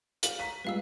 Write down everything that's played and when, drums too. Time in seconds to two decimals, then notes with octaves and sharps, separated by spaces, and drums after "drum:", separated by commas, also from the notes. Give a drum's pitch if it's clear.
0.23 F5, drum: hi-hat
0.39 A#5 B6 D#7
0.64 G3 G#3 F4 B4 F5 E6